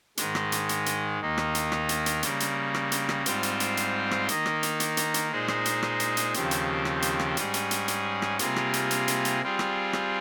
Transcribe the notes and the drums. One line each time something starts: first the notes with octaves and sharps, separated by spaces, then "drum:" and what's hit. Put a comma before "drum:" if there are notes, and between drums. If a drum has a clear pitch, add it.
G#2 D#3 G#3, drum: hi-hat
drum: rim click
drum: hi-hat
drum: hi-hat
drum: hi-hat
D#2 D#3 A#3 D#4
drum: rim click
drum: hi-hat
drum: rim click
drum: hi-hat
drum: hi-hat
C#3 G3 A#3, drum: hi-hat
drum: hi-hat
drum: rim click
drum: hi-hat
drum: rim click
G#2 G3 C4 F4 C5, drum: hi-hat
drum: hi-hat
drum: hi-hat
drum: hi-hat
drum: rim click
D#3 A#3 D#4, drum: hi-hat
drum: rim click
drum: hi-hat
drum: hi-hat
drum: hi-hat
drum: hi-hat
A#2 G#3 D#4 G#4 C5
drum: rim click
drum: hi-hat
drum: rim click
drum: hi-hat
drum: hi-hat
D#2 C#3 F3 C4 G4, drum: hi-hat
drum: hi-hat
drum: rim click
drum: hi-hat
drum: rim click
G#2 G3 C#4 G#4, drum: hi-hat
drum: hi-hat
drum: hi-hat
drum: hi-hat
drum: rim click
C3 G3 A#3 F4 G#4, drum: hi-hat
drum: rim click
drum: hi-hat
drum: hi-hat
drum: hi-hat
drum: hi-hat
G3 C4 F4 G#4
drum: rim click
drum: rim click